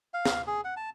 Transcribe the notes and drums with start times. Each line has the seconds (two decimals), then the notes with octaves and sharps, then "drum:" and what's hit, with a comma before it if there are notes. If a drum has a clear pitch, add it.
0.14 F5
0.25 drum: snare
0.47 G#4
0.64 F#5
0.77 A5